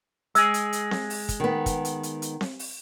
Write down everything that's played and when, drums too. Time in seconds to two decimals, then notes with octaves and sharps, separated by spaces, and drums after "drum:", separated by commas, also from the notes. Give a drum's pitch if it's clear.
0.35 G#3 G#4 E6, drum: hi-hat
0.54 drum: hi-hat
0.73 drum: hi-hat
0.91 drum: snare C4
1.10 drum: open hi-hat
1.29 drum: kick, hi-hat
1.40 D#3 B3
1.66 drum: kick, hi-hat
1.85 drum: hi-hat
2.03 drum: hi-hat
2.22 drum: hi-hat
2.41 drum: snare C4
2.59 drum: open hi-hat